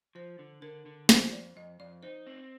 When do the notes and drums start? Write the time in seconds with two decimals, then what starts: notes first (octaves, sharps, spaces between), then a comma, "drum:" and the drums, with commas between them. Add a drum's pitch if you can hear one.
0.15 F3 C5
0.39 D3
0.62 D3 A#4
0.86 D3
1.09 F3 C5, drum: snare
1.32 F2 D5
1.56 F2 D#5
1.80 F2 D5
2.03 D#4 C5
2.27 C4